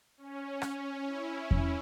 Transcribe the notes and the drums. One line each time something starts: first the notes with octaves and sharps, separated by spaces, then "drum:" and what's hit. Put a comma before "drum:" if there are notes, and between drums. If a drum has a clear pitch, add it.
C#4
drum: rim click
E4
E4, drum: kick E2